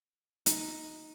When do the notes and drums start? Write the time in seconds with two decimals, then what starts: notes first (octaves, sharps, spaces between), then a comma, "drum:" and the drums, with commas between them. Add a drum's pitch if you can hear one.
0.46 D#4, drum: hi-hat